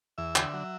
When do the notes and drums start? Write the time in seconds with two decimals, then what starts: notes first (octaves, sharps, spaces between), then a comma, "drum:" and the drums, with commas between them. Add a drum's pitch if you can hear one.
0.18 E2 E5
0.36 D3, drum: clap
0.54 F#3